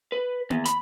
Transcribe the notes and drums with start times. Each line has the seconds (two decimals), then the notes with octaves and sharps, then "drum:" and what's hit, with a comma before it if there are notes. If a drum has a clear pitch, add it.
0.12 B4
0.50 E2, drum: tom A#3
0.65 B5, drum: hi-hat